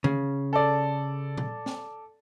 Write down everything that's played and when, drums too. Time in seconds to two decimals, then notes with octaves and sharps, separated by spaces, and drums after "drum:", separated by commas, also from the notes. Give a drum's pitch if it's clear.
0.04 C#3, drum: tom D3
0.53 A4 D5
1.38 drum: tom A#2
1.66 drum: snare